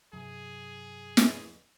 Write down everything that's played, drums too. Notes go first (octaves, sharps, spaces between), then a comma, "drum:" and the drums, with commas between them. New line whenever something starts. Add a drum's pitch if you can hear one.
G2 C3 F#3 G#4
drum: snare